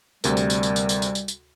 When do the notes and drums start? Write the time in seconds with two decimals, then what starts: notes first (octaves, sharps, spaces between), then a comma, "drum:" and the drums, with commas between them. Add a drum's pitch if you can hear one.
0.24 D2 C3 G3 A#4, drum: tambourine
0.37 drum: tambourine
0.50 drum: tambourine
0.63 drum: tambourine
0.76 drum: tambourine
0.89 drum: tambourine
1.02 drum: tambourine
1.15 drum: tambourine
1.28 drum: tambourine